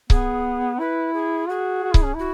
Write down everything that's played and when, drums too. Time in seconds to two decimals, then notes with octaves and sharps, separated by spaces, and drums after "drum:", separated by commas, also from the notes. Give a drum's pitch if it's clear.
0.10 B3 G#4, drum: kick C#1
0.80 E4 B4
1.14 G#4
1.49 F#4 G#4
1.83 F#4
1.94 E4, drum: kick C#1
2.04 C#4
2.15 E4 F#4